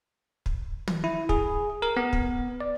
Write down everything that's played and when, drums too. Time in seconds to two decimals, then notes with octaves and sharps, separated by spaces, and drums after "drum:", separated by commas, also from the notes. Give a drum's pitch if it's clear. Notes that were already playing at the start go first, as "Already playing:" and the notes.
0.46 drum: kick
0.88 drum: tom
1.04 E4
1.29 G#4, drum: kick
1.82 A#4
1.97 B3
2.13 drum: kick
2.61 D5